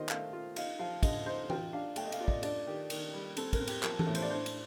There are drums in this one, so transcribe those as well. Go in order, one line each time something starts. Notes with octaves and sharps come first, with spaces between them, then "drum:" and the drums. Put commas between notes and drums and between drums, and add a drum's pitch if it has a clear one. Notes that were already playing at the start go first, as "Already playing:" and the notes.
Already playing: D#3 F4 C5 D#5
A3 F5, drum: clap
F4
D#4 F5, drum: cymbal
F3 F5
D3 D#5, drum: kick, cymbal
D#4 C5
F4 G5, drum: tom
D4 F5
A3 G5, drum: cymbal
D#5
F5, drum: cymbal
F4 D5
D#5, drum: kick
D4 D5, drum: cymbal
D#3 G4
D#3, drum: cymbal
G3
C4 A4, drum: cymbal
A#4, drum: kick, cymbal
C4
G4, drum: cymbal
F3 A#4, drum: clap
A4, drum: tom E3
A2
C5, drum: cymbal
D5
D4 C5
drum: cymbal